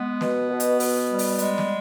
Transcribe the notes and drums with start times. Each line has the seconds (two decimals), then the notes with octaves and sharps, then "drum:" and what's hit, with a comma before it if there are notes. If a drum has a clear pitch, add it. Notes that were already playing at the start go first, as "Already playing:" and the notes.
Already playing: G#3 B3
0.21 B2, drum: snare
0.50 B2
0.60 drum: hi-hat
0.80 B2, drum: open hi-hat
1.09 G3
1.19 drum: open hi-hat
1.38 G#3, drum: hi-hat
1.58 drum: snare